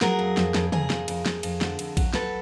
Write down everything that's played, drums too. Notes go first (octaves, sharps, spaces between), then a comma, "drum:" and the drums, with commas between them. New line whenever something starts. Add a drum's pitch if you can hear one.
F#3 G#4 A#4, drum: snare
F2
F2, drum: snare
F2, drum: snare
F2 G#4 A#4, drum: tom
F2, drum: snare
F2, drum: cymbal
F2, drum: snare
F2, drum: cymbal
D3, drum: snare
F2, drum: cymbal
F#3, drum: kick A#1, cymbal
F#3 A4 B4, drum: snare